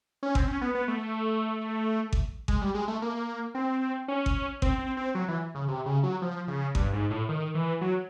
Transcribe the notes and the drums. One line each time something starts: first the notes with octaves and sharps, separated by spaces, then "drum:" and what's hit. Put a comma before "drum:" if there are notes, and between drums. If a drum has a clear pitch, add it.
C#4
C4, drum: kick G#1
C#4
B3
B3
A3
drum: kick G#1
G#3, drum: kick G#1
G3
G#3
A3
A#3
C4
C#4
drum: kick G#1
C4, drum: kick G#1
C4
C4
F#3
E3
C#3
C3
C#3
F#3
F3
C#3
G2, drum: kick G#1
G#2
A2
D#3
E3
F#3